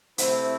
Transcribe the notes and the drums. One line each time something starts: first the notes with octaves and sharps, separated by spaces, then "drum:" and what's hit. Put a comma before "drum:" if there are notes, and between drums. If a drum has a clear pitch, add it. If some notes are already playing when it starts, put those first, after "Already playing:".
C3 A3 C4 E4 C5, drum: hi-hat